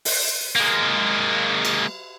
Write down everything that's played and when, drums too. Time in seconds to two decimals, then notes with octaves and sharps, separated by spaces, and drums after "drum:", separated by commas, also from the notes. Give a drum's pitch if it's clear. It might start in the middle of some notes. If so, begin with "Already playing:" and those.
0.05 drum: open hi-hat
0.56 G#3 A#3
1.65 drum: cymbal